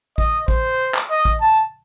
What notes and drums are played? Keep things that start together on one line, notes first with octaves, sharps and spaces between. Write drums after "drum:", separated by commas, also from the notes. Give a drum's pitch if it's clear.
D#5, drum: kick A1
C5, drum: kick A1
drum: clap
D#5
drum: kick A1
A5